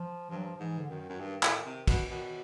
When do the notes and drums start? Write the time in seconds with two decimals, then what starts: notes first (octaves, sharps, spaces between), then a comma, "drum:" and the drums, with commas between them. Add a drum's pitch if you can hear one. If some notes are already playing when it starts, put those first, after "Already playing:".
Already playing: F3
0.30 G2 F3
0.37 F#3
0.46 F3
0.56 F3
0.60 G#2 E3
0.78 D3
0.90 F#2 D#3
1.10 F#2
1.20 G2
1.43 A2, drum: clap
1.66 C3
1.87 B2, drum: kick, cymbal
2.10 B2 D#3